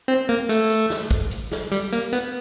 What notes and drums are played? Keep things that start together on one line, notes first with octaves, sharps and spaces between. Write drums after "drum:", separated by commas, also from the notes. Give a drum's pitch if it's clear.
C4
A#3
A3, drum: hi-hat
drum: hi-hat
drum: snare
drum: kick
drum: hi-hat
drum: snare
G3, drum: hi-hat
A#3, drum: hi-hat
B3, drum: hi-hat